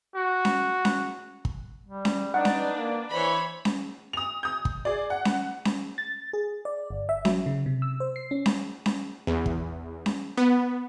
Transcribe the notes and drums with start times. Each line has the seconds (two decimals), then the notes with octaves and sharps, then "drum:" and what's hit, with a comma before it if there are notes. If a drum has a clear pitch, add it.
0.15 F#4
0.45 drum: snare C#4
0.85 drum: snare C#4
1.45 drum: kick
1.86 G3
2.05 drum: snare C#4
2.34 D4 D#4 B4 D5 F#5
2.45 drum: snare C#4
2.76 A#3
3.12 E3 C5 C#5 B5
3.65 drum: snare C#4
4.13 D#6 F7
4.43 D#6 G6
4.65 drum: kick
4.85 G#4 D5
5.10 F#5
5.25 drum: snare C#4
5.65 drum: snare C#4
5.98 A6
6.33 G#4
6.65 D5
6.90 G1
7.09 E5
7.25 F#3, drum: snare C#4
7.46 C#3
7.66 C3
7.82 E6
8.00 C5
8.16 C7
8.31 C#4
8.46 drum: snare C#4
8.86 drum: snare C#4
9.27 E2
9.46 drum: kick
10.06 drum: snare C#4
10.37 B3